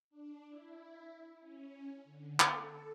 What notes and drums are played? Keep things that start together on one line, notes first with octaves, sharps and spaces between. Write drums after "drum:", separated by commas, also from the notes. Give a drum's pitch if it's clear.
D4
E4
C#4
D3
A4, drum: clap